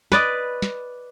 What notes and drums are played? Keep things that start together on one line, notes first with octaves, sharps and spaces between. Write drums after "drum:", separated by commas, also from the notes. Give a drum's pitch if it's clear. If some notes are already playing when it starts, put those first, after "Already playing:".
B4 D5 D#5, drum: snare
drum: snare